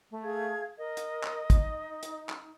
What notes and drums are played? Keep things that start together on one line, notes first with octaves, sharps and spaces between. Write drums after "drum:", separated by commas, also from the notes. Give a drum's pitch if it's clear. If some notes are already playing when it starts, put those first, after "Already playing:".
A3
G#4 F5 G#6
A#4 D#5
drum: hi-hat
drum: clap
D#4, drum: kick, hi-hat
drum: hi-hat
drum: clap